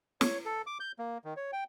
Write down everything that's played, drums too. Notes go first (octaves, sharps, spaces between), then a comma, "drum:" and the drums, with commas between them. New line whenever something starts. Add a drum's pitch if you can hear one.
C#5, drum: snare
A4
D6
G6
A#3
D#3
C#5
G5